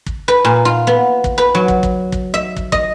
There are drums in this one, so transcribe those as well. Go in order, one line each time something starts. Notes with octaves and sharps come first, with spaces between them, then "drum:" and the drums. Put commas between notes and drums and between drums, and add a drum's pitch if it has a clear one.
drum: kick
B4
A#2
F4
B3
drum: kick
B4
F#3
drum: kick
drum: kick
drum: kick
E5
drum: kick
D#5, drum: kick